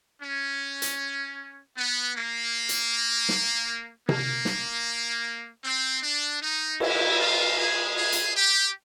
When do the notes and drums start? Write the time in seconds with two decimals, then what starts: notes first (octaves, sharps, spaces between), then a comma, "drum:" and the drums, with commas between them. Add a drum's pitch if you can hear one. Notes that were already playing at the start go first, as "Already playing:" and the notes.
0.21 C#4
0.82 drum: hi-hat
1.76 B3
2.15 A#3
2.69 drum: hi-hat
3.29 drum: snare
4.09 A#3, drum: tom C3
4.45 drum: snare
5.64 C4
6.03 D4
6.41 D#4
6.80 E4, drum: cymbal
7.19 F4
7.58 G#4
7.97 G#4
8.12 drum: hi-hat
8.35 G4